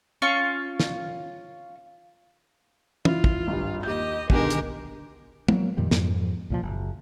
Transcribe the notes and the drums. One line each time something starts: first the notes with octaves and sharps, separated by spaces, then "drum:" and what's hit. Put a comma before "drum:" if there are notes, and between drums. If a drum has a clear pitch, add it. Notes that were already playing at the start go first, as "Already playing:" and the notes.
C#4 F4 C#6
drum: snare
E4 F4, drum: tom
drum: kick
G#1 G2
D#2 G4 D#5 G6
B2 D3 D#3 G#3 G4 A#4, drum: kick
drum: hi-hat
F#3 A#3 B3, drum: tom
F2 A#2 D#3 G3
F2 G#2, drum: snare
C2 A#2 F3
F#1